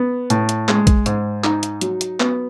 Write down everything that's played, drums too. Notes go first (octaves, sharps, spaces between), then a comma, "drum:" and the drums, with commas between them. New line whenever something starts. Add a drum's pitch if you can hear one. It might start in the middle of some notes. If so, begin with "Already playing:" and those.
Already playing: B3
A2, drum: hi-hat
drum: hi-hat
G#3, drum: clap
drum: kick A#1, hi-hat
G#2, drum: hi-hat
D#4, drum: clap
drum: hi-hat
F#3, drum: hi-hat
drum: hi-hat
B3, drum: clap